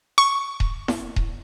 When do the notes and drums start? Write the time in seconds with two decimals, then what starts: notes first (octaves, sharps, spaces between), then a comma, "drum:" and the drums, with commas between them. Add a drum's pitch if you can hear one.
0.18 C#6
0.60 drum: kick D#1
0.88 drum: snare E4
1.16 drum: kick D#1